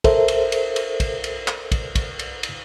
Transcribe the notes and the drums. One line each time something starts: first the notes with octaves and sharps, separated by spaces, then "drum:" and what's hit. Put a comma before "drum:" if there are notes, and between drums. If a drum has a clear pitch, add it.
A4 A#4 C5 E5, drum: kick, cymbal
drum: cymbal
drum: cymbal
drum: cymbal
drum: kick, cymbal
drum: cymbal
drum: clap
drum: kick, cymbal
drum: kick, cymbal
drum: cymbal
drum: cymbal